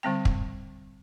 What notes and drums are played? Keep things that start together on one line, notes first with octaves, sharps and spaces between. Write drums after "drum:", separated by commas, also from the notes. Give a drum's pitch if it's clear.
D3 G3 C4 G5
drum: kick